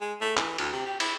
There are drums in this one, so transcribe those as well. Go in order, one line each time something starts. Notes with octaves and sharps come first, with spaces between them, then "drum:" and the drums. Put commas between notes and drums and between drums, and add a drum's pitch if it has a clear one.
G#3
A3
E3, drum: clap
D2, drum: cymbal
C3
G4
E4, drum: cymbal